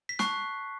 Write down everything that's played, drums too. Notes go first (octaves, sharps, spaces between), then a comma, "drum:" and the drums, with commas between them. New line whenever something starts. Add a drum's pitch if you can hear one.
B6
A5 C#6 F#6 C7, drum: snare